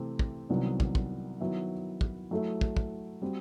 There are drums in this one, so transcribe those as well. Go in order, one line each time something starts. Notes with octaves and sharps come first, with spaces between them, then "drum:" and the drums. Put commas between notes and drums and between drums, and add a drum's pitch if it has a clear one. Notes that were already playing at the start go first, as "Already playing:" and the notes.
Already playing: C3 E3 A3 C4
drum: kick
C2 C3 D#3 F#3 B3
drum: kick
drum: kick
D#3 F#3 B3 E4
drum: kick
F#3 A3 E4 A4 E5
drum: kick
drum: kick
G3 C4 F#4